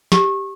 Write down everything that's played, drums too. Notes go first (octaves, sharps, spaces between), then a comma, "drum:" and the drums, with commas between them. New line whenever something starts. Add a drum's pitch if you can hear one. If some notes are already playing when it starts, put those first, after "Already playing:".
G4, drum: snare